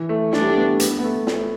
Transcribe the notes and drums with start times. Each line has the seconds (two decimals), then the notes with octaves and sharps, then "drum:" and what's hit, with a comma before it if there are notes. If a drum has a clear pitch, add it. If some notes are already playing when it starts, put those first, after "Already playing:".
Already playing: E3
0.09 A3
0.33 A3 D4, drum: snare
0.41 G3
0.49 A3
0.56 B3
0.80 B3, drum: hi-hat
0.99 B3
1.04 A3
1.27 A3, drum: snare